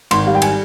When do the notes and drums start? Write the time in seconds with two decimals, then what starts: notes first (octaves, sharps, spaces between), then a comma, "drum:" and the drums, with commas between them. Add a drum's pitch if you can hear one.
0.11 G#1 C6, drum: cymbal
0.26 G3 F5
0.35 G5
0.42 G#5, drum: cymbal